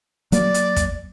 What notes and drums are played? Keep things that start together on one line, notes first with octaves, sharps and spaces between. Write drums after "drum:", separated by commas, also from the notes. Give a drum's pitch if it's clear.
F#3 A#3 D5, drum: hi-hat
drum: hi-hat
drum: kick, hi-hat